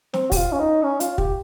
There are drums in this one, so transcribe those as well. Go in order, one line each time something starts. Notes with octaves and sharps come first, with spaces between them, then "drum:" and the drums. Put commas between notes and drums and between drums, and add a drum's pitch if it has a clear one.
C4, drum: snare
G4, drum: kick, open hi-hat
F4
C#4
D#4
C#4
F4, drum: hi-hat
G4, drum: kick